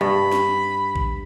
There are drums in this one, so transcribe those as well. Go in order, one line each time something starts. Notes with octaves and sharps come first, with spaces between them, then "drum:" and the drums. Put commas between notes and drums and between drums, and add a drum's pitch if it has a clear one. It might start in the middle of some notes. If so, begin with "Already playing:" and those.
G2 B5
drum: snare
drum: kick A#1